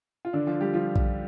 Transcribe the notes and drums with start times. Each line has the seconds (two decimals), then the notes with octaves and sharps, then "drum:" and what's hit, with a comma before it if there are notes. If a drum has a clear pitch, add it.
0.25 F4
0.33 D3 D4
0.47 F3 F4
0.61 G3 G4
0.74 F3 F4
0.96 drum: kick